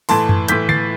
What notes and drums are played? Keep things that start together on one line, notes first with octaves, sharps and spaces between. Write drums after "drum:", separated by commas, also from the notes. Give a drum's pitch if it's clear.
A2 E3 A5 C6, drum: open hi-hat
drum: tom F#2
A2 E3 G6 B6, drum: hi-hat
A6 C7, drum: tom D3